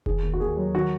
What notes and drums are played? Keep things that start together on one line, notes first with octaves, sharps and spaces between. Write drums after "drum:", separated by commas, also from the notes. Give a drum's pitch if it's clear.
D#3 G#4, drum: kick F1
D#2
F#4
D#2 G#4
F#3
D#3 F#4